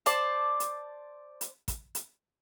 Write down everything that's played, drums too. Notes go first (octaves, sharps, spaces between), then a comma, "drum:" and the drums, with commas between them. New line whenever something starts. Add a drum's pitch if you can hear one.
C5 D5 A5, drum: hi-hat
drum: hi-hat
drum: hi-hat
drum: kick, hi-hat
drum: hi-hat